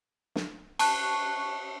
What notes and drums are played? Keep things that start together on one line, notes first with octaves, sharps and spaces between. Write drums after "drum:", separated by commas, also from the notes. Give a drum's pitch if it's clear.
drum: snare
A5 C#6 F#6, drum: cymbal